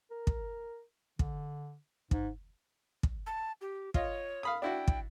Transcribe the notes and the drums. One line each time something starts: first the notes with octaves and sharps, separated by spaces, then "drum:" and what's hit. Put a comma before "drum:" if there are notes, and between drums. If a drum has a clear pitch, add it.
A#4
drum: kick
D3, drum: kick
G#2, drum: kick
drum: kick
A5
G4
F4 C#5 D#5, drum: kick
F5 B5 D#6
D4 E4 F#4 G5
drum: kick